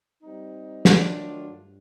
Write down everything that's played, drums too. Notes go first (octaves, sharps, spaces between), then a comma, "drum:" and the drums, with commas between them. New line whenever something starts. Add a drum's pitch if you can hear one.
G3 C4 D#4
D#3 F#3 A3 D4 F4, drum: snare
G2